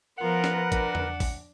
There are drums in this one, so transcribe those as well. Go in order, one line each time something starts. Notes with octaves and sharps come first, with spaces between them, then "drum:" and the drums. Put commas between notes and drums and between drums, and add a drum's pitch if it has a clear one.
F3 B3 F4 A#4 B4 F#5
drum: snare
D4, drum: kick, hi-hat
drum: tom E2
drum: kick, open hi-hat